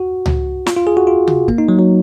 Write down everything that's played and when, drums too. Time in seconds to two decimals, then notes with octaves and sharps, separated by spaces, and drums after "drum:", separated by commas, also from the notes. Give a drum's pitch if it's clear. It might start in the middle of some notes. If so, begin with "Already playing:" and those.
Already playing: F#4
0.26 drum: tom C#2
0.66 F4, drum: snare
0.76 F4
0.87 G#4
0.97 F#4
1.07 F4
1.27 drum: tom C3
1.48 A#3, drum: kick
1.58 D#4
1.68 F#3
1.79 F#3